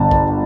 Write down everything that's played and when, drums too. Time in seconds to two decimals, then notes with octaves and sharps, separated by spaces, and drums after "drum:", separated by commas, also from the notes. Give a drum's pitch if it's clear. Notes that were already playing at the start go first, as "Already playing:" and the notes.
Already playing: G1 A5
0.11 drum: kick B1